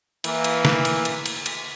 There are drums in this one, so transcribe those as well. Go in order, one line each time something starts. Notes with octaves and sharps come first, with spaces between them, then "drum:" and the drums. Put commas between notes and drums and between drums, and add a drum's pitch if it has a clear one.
E3 A#3, drum: cymbal
drum: cymbal
drum: snare
drum: cymbal
drum: cymbal
drum: cymbal
drum: cymbal